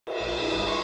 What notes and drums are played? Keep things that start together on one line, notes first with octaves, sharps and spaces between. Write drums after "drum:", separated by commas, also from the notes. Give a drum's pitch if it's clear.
drum: cymbal
A#1
D4 E4 G#4 B5
G1 G2 D4 B4 D#5 E7
E5 G#5 C6 C#6